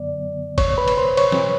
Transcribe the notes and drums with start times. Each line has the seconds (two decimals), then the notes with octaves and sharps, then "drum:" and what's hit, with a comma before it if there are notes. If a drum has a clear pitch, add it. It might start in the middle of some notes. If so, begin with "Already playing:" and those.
Already playing: F#2 D3 F#3 B3 D5
0.58 C#5 C#6, drum: kick, cymbal
0.78 B4 B5
0.88 drum: cymbal
0.97 C5 C6
1.17 C#5 C#6, drum: cymbal
1.32 drum: snare